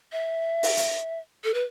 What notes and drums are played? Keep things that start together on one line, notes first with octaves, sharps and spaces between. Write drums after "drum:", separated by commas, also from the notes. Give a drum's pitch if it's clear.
E5
drum: open hi-hat
drum: hi-hat
A4
B4